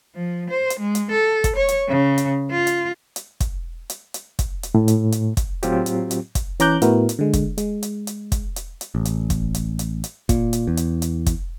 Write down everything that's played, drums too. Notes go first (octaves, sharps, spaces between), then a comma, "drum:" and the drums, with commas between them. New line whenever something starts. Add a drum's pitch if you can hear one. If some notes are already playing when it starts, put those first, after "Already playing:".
F3
C5
drum: hi-hat
G#3
drum: hi-hat
A4
drum: kick, hi-hat
C#5
drum: hi-hat
C#3
drum: hi-hat
F4
drum: hi-hat
drum: hi-hat
drum: kick, hi-hat
drum: hi-hat
drum: hi-hat
drum: kick, hi-hat
drum: hi-hat
A2
drum: hi-hat
drum: hi-hat
drum: kick, hi-hat
A2 F#3 C4 F4 G4, drum: hi-hat
drum: hi-hat
drum: hi-hat
drum: kick, hi-hat
E3 C#4 A#5 D6 F#6 G6, drum: hi-hat
A2 B3 E4 F#4 A#4, drum: hi-hat
drum: hi-hat
D3 G#3
drum: kick, hi-hat
G#3, drum: hi-hat
drum: hi-hat
drum: hi-hat
drum: kick, hi-hat
drum: hi-hat
drum: hi-hat
A1
drum: hi-hat
drum: kick, hi-hat
drum: hi-hat
drum: hi-hat
drum: hi-hat
A#2, drum: kick, hi-hat
drum: hi-hat
E2
drum: hi-hat
drum: hi-hat
drum: kick, hi-hat